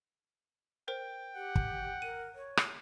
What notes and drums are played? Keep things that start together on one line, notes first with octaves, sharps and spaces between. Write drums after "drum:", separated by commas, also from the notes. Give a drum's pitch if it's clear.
A#4 C5 G5
G4 F#5
drum: kick
A#4 D#7
C#5
drum: rim click